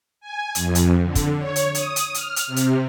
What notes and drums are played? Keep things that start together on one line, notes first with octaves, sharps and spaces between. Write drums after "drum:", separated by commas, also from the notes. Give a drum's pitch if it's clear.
G#5
F2, drum: hi-hat
drum: hi-hat
D3
drum: kick, hi-hat
C#5
drum: hi-hat
D#6, drum: hi-hat
drum: hi-hat
F6, drum: hi-hat
drum: hi-hat
C3
drum: hi-hat